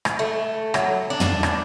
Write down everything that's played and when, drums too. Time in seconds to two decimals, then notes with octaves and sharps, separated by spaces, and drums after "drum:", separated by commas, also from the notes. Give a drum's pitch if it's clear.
0.05 drum: rim click
0.19 A3
0.74 F#3, drum: rim click
1.10 D4
1.20 drum: tom
1.43 drum: rim click